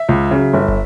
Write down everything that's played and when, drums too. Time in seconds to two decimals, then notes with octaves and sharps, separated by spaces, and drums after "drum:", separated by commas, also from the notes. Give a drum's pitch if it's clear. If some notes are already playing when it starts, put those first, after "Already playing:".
Already playing: E5
0.09 C#2
0.31 C#3 F#3
0.54 G1
0.68 drum: kick